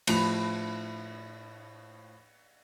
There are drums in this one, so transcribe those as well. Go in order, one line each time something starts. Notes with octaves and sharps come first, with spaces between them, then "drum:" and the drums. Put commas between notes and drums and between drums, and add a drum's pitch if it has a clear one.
A2 F3 B5 F7, drum: cymbal